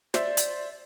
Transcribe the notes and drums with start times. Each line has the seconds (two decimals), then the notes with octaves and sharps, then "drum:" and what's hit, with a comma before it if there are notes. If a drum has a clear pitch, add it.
0.14 C5 D5 E5, drum: snare
0.37 drum: hi-hat